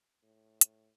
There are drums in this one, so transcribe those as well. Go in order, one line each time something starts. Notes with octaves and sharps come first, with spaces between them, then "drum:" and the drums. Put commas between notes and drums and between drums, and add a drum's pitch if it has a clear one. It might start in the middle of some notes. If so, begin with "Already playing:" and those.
A2
drum: hi-hat